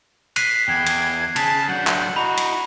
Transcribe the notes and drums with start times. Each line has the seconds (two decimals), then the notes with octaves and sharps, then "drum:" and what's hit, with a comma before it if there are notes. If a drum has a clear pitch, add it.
0.36 F#6 B6 C7 D#7, drum: cymbal
0.69 E2 G5 G#6
0.87 drum: cymbal
1.36 C#3 A5 B6, drum: cymbal
1.69 F#3 D4 F#5 G6
1.87 drum: clap
2.16 E4 F#4 D#5 A#5 B5
2.38 drum: cymbal